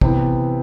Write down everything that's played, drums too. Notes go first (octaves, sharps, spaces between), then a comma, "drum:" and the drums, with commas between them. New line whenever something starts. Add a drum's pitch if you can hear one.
C3 E3 B3, drum: kick